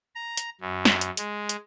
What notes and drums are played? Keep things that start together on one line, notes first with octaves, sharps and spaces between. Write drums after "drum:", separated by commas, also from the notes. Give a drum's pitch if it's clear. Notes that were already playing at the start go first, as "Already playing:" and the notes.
A#5
drum: hi-hat
F#2
drum: snare
drum: hi-hat
G#3, drum: hi-hat
drum: hi-hat